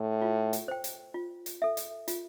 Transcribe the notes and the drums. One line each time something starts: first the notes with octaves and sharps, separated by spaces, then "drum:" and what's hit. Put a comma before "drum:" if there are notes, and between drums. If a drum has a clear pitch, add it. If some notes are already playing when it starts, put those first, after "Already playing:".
Already playing: A2
F4
drum: hi-hat
C5 G5
drum: hi-hat
F4
drum: hi-hat
A4 E5
drum: hi-hat
F4, drum: hi-hat